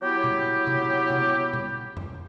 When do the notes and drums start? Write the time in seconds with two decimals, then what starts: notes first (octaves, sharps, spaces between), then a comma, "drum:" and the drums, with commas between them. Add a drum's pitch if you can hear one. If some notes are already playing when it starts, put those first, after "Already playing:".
0.02 F#3 B3 E4 G4
0.24 drum: tom B2
0.67 drum: tom C3
1.10 drum: tom C3
1.53 drum: tom B2
1.97 drum: tom F2